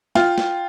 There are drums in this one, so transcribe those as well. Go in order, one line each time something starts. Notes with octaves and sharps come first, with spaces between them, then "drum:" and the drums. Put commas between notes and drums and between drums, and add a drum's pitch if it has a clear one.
F4 G5, drum: snare
drum: snare